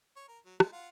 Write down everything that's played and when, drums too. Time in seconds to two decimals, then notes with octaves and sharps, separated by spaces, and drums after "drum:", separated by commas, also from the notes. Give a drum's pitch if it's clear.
0.16 C#5
0.28 A#4
0.45 F#3
0.60 G#3 A3, drum: rim click
0.73 F4 F5 F#5